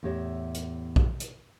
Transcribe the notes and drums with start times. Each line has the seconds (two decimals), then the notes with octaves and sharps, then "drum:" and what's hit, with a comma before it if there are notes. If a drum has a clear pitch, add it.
0.03 E2 A2 G4 C#5 D#5 E5
0.54 drum: hi-hat
0.96 drum: kick A#1
1.20 drum: hi-hat